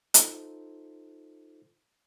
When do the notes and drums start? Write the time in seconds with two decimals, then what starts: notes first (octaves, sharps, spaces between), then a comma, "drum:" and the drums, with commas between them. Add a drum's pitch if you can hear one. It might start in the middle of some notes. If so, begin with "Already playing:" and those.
0.14 D#4 F4 A4 C5, drum: hi-hat